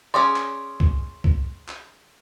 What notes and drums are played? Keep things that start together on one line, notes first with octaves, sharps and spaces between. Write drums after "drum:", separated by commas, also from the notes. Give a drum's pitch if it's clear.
C#4 G#4 D5 C6
drum: clap
drum: kick C2
drum: kick C2
drum: clap